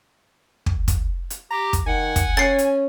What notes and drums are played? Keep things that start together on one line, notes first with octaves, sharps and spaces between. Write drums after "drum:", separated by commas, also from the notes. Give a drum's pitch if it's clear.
drum: kick
drum: kick, hi-hat
drum: hi-hat
G4 A#5
drum: kick, hi-hat
D#3 F#5 G#5
drum: kick, hi-hat
C#4 A6 C7, drum: rim click
drum: hi-hat